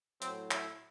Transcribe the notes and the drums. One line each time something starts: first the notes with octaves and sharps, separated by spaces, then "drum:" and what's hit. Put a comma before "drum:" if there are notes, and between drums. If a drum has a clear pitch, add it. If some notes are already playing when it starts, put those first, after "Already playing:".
A2 F#3 C4, drum: hi-hat
E4, drum: clap